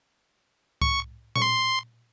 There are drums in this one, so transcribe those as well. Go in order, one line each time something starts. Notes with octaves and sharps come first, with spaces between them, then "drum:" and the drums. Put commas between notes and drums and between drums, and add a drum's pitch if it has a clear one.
C#6, drum: kick C2
C#6, drum: tom A#2
C6